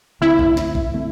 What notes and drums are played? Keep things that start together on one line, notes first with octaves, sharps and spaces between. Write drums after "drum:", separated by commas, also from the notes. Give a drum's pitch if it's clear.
D2 D3 A3 C4 E4
drum: kick A#1
drum: snare
drum: kick A#1
D3 A3 C4